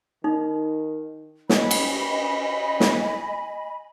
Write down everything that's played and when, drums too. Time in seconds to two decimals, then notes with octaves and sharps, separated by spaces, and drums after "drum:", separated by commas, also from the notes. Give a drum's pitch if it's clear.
0.24 D#3 D#4
1.49 D#5 G#5 B5, drum: snare
1.71 drum: cymbal
2.80 drum: snare